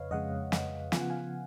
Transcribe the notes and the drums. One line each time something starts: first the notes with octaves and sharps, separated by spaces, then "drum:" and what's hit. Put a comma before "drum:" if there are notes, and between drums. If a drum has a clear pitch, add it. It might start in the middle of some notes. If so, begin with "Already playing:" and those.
Already playing: F2 C#3 B4 C#5 D#5 F5
F2 C#3 G#3 D#5 F#5
drum: snare
C#3 F3 B3 F4 G#5, drum: snare
F#5
F5 G#5